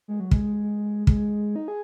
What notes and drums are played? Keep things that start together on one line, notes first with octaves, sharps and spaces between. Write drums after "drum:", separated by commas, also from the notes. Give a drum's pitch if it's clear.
G#3
F#3
G#3, drum: kick
G#3, drum: kick
D#4
G#4